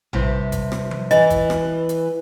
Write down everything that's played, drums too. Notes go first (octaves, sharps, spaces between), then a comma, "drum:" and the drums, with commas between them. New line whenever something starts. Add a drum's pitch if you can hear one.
G2 C3 E4, drum: tom A#1
drum: kick G#1, hi-hat
drum: rim click
drum: tom F3
E3 D#5, drum: hi-hat
drum: kick G#1, hi-hat
drum: rim click
drum: hi-hat